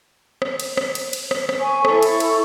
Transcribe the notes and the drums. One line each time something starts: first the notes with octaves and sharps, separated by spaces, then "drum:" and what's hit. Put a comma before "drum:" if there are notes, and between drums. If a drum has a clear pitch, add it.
drum: rim click
drum: cymbal
drum: rim click
drum: cymbal
drum: cymbal
drum: rim click
drum: rim click
G#5 C#6
E4 A4 C#6, drum: rim click
drum: cymbal
drum: cymbal